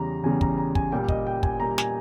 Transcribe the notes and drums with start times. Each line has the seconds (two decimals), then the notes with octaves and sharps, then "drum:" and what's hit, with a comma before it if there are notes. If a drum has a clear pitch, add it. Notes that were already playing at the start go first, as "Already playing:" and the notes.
Already playing: E2 C#3 G3 A#5
0.23 E2 C#3 G3 G#5
0.41 A#5, drum: kick
0.58 A#5
0.75 G#5, drum: kick
0.92 A#2 G3 G5
1.08 D#5, drum: kick
1.27 G5
1.43 G#5, drum: kick
1.60 A#2 G3 A#5
1.78 G#5, drum: snare